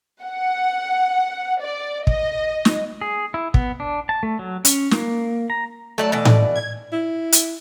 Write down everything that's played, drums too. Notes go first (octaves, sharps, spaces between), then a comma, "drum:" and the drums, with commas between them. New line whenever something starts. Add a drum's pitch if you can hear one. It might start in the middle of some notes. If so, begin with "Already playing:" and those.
F#5
D5
D#5, drum: kick
drum: snare
G#4
E4
B3, drum: kick
D4
A5
A3
F#3
C#4, drum: hi-hat
A#3, drum: snare
A#5
F#3 A3 D5 A5
B2 E3 D5
drum: tom A2
G#6
E4
drum: hi-hat